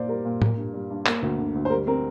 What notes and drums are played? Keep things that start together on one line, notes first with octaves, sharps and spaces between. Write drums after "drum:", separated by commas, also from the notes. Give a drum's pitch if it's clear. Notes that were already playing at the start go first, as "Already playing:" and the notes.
Already playing: A#2 A#3 C5 D5
G3 A#4
A#2
A#3, drum: tom A2
G2
G3
G2
A#3, drum: clap
D2
D3
D2
C5
G3 A#4
C4 A#4